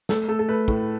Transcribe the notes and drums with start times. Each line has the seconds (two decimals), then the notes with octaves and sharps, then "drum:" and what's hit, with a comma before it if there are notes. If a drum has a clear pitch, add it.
0.09 A3 A4, drum: snare
0.28 A3 A4
0.39 A4
0.49 A3 B4
0.68 A2, drum: kick